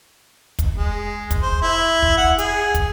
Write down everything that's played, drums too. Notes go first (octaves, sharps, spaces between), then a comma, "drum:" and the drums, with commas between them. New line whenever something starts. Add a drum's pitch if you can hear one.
drum: kick, hi-hat
G#3
drum: kick, hi-hat
C5
E4
drum: kick
F#5
G#4, drum: hi-hat
drum: kick, hi-hat